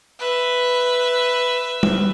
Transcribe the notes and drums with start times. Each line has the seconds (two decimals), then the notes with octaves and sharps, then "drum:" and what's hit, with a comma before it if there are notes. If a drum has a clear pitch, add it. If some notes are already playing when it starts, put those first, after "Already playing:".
0.19 B4 E5
1.83 drum: tom G3